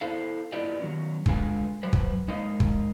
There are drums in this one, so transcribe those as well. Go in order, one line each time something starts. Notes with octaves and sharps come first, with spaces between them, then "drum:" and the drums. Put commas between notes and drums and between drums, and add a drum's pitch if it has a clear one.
E4 A4 C5 F5
E4 F4 G4 B4 D5 D#5
D#3 F#3 C#4
D3 G#3 F4 B4 F5 G#5, drum: kick
F#3 B4 C5
drum: kick
G#3 D#4 A#4 D#5 F5
drum: kick